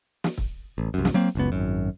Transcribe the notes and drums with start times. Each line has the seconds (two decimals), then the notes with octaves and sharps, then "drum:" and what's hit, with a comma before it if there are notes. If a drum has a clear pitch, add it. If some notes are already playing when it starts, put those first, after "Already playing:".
0.24 drum: snare
0.38 drum: kick
0.78 A1
0.94 C2 F#2
1.05 drum: snare
1.14 F#3 A#3 C4
1.35 F#1 C#2 B3
1.52 G#1 F#2